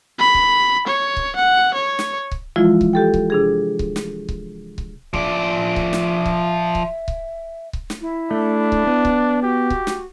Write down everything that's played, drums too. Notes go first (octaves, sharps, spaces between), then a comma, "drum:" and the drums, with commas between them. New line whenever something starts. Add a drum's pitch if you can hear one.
B5
drum: kick C#1
C#5
drum: kick C#1
F#5
C#5
drum: snare
drum: kick C#1
E3 F3 G#3 E4 F4
drum: kick C#1
G4 A4 G5
drum: kick C#1
C3 D4 G#4
drum: kick C#1
drum: snare
drum: kick C#1
drum: kick C#1
F3 D5 E5, drum: kick C#1
drum: kick C#1
drum: snare
drum: kick C#1
drum: kick C#1
drum: kick C#1
drum: kick C#1
drum: snare
E4
A3 D4
drum: kick C#1
B3
drum: kick C#1
F#4 G4
drum: kick C#1
drum: snare